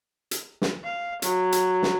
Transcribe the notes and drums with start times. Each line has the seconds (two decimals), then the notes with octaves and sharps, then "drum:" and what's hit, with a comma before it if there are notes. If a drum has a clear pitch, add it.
0.31 drum: hi-hat
0.62 drum: snare
0.84 F5
1.22 F#3, drum: hi-hat
1.52 drum: hi-hat
1.83 drum: snare